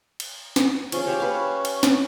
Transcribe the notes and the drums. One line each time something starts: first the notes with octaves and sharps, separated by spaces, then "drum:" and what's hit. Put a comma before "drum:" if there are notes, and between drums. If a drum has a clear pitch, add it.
drum: cymbal
drum: snare
F3 C#4 G#4, drum: cymbal
G4 C5 C#5
B4 F5
drum: cymbal
drum: snare